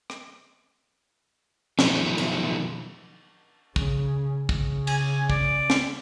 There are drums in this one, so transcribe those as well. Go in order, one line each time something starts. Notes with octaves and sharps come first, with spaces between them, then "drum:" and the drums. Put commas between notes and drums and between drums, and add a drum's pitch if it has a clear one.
drum: rim click
B2 D#3 F3 F#3, drum: snare
drum: cymbal
C#3, drum: kick
C#3, drum: kick
G#5, drum: cymbal
D5, drum: kick
drum: snare